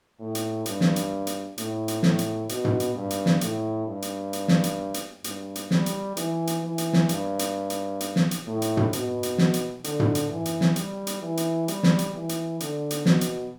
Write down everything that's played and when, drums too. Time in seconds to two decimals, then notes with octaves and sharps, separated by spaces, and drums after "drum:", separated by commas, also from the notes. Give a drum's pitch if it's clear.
0.20 A2
0.35 drum: hi-hat
0.66 G2, drum: hi-hat
0.81 drum: snare
0.96 drum: hi-hat
1.27 drum: hi-hat
1.58 A2, drum: hi-hat
1.88 drum: hi-hat
2.03 A2, drum: snare
2.19 drum: hi-hat
2.49 B2, drum: hi-hat
2.65 drum: tom
2.80 drum: hi-hat
2.95 G2
3.10 drum: hi-hat
3.26 drum: snare
3.41 A2, drum: hi-hat
3.87 G2
4.02 drum: hi-hat
4.33 drum: hi-hat
4.48 drum: snare
4.64 drum: hi-hat
4.94 drum: hi-hat
5.24 G2, drum: hi-hat
5.55 drum: hi-hat
5.71 G3, drum: snare
5.86 drum: hi-hat
6.17 E3, drum: hi-hat
6.47 drum: hi-hat
6.63 E3
6.78 drum: hi-hat
6.93 drum: snare
7.09 G2, drum: hi-hat
7.39 drum: hi-hat
7.70 drum: hi-hat
8.00 drum: hi-hat
8.16 drum: snare
8.31 drum: hi-hat
8.46 A2
8.62 drum: hi-hat
8.77 drum: tom
8.93 B2, drum: hi-hat
9.23 drum: hi-hat
9.38 drum: snare
9.54 drum: hi-hat
9.84 D3, drum: hi-hat
10.00 drum: tom
10.15 drum: hi-hat
10.30 E3
10.46 drum: hi-hat
10.61 drum: snare
10.76 G3, drum: hi-hat
11.07 drum: hi-hat
11.22 E3
11.37 drum: hi-hat
11.68 G3, drum: hi-hat
11.83 drum: snare
11.99 drum: hi-hat
12.14 E3
12.29 drum: hi-hat
12.60 D3, drum: hi-hat
12.91 drum: hi-hat
13.06 B2, drum: snare
13.21 drum: hi-hat